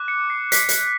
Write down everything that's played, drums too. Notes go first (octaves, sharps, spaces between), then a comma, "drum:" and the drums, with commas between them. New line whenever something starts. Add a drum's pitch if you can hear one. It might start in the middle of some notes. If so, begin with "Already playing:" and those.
Already playing: D6 F#6
C#7
C7
D6 F#6 B6, drum: hi-hat
drum: hi-hat